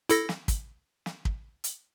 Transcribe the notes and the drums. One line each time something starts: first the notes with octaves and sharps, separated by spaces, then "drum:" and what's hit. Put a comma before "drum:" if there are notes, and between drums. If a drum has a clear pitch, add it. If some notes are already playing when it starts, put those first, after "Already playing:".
E4 A4 A#6, drum: hi-hat
drum: snare
drum: kick, hi-hat
drum: snare
drum: kick
drum: hi-hat